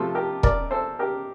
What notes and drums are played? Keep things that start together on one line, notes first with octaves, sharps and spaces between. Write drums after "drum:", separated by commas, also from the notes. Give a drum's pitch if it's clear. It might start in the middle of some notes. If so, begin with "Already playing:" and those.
Already playing: C3 F3 A3 F4 A4
G4 A#4
A#4 D5, drum: kick
A4 C5
G4 A#4